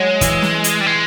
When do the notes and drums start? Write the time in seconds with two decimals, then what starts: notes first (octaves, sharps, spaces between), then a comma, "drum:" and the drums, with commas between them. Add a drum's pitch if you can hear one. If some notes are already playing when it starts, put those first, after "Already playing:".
Already playing: F#3 G#3
0.21 E3, drum: kick, hi-hat
0.42 drum: snare
0.64 drum: hi-hat
0.81 G3
0.86 G#3